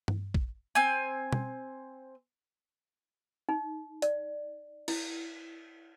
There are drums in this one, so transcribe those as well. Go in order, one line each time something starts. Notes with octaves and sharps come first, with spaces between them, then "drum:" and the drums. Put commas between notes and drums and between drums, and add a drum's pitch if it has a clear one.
drum: tom G2
drum: kick
C4 G#5
drum: tom B2
D#4
D5, drum: hi-hat
E4, drum: cymbal